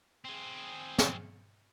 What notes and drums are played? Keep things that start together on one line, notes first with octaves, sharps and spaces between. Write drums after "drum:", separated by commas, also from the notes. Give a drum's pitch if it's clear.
C4 G#4
drum: snare